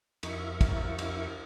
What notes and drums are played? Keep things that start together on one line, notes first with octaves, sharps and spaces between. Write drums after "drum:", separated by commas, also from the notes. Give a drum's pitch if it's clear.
F2 E4 A#4 E5 C#6, drum: cymbal
drum: kick, cymbal
drum: cymbal